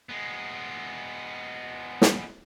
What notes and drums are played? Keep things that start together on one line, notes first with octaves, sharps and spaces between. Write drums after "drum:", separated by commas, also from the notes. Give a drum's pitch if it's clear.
G#3 B3
drum: snare